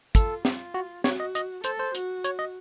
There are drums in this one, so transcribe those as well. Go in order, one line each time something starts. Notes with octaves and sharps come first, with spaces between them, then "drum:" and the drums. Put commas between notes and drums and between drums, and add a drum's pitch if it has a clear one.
F4 A4, drum: kick, hi-hat
F4, drum: snare C4
F#4
F#4 C#5, drum: snare C4
D#5
D#5, drum: hi-hat
A4 C5, drum: hi-hat
C5
F#4, drum: hi-hat
C#5, drum: hi-hat
D#5